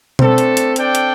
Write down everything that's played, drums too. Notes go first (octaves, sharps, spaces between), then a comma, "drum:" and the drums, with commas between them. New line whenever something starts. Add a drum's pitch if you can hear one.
A3 C4 D4 A4, drum: tom B2
drum: hi-hat
drum: hi-hat
D4 A4 D5 G5, drum: hi-hat
drum: hi-hat